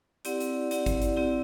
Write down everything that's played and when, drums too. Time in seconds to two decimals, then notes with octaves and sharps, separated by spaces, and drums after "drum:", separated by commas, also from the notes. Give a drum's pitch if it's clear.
0.25 C4 E4 G4 D5 F#5, drum: hi-hat
0.40 drum: hi-hat
0.71 C4 E4 G4 D5 F#5, drum: hi-hat
0.86 drum: kick G#1, hi-hat
1.02 drum: hi-hat
1.16 C4 E4 G4 D5 F#5